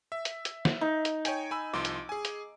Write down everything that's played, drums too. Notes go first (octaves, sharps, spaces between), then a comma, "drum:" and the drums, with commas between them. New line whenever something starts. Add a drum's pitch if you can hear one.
E5
drum: hi-hat
drum: hi-hat
drum: snare
D#4
drum: hi-hat
C#5 G5 G#5, drum: hi-hat
G#5 B5 E6
C2 F3 C6 D6
drum: hi-hat
G#4 G#5
drum: hi-hat